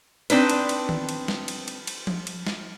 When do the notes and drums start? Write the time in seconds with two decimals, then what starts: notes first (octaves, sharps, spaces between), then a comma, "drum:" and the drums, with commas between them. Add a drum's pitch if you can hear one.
0.30 C4 D4 D#4 B4, drum: cymbal
0.50 drum: cymbal
0.69 drum: cymbal
0.89 drum: tom D#3
1.09 drum: cymbal
1.28 drum: snare
1.48 drum: cymbal
1.68 drum: cymbal
1.87 drum: cymbal
2.07 drum: tom F3
2.27 drum: cymbal
2.47 drum: snare